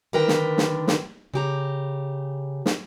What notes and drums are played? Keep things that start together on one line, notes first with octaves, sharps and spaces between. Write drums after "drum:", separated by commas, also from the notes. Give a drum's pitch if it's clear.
D3 D#3 A#4 B4 G5
drum: snare
drum: snare
drum: snare
C#3 G4 A#5
drum: snare